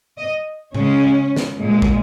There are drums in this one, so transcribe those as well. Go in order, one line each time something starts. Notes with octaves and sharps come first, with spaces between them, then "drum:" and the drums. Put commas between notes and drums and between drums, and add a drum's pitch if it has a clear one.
D#5
C#3 G#3 C#4, drum: tom A2
drum: snare
A#2 G#3
drum: kick